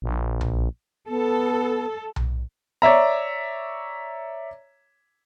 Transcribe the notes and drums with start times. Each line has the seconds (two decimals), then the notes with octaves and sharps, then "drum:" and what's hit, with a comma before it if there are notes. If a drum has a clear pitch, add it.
0.02 A#1
0.41 drum: tom B1
1.09 B3 A4
2.16 drum: tom B1
2.82 C#5 D5 E5 A#5